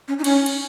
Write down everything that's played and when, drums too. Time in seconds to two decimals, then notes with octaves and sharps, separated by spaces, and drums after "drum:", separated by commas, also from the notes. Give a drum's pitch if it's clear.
0.08 C#4
0.19 D#4
0.24 C#4, drum: cymbal
0.46 drum: cymbal